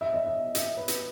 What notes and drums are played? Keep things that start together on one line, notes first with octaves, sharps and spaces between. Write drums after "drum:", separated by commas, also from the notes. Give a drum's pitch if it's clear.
E5
D#5
E5
E5, drum: hi-hat
B4
drum: hi-hat